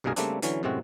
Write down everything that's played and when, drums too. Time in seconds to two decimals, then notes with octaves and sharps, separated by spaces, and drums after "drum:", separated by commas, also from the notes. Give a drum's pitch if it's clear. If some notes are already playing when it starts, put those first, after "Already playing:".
0.04 C2 G2 B2 A#3 G#4 A#4
0.16 C#3 G3 A3 A#3 C4 D4, drum: hi-hat
0.42 D3 E3 F#3 C#4, drum: hi-hat
0.63 F#2 A2 C3 G#3 C4 F#4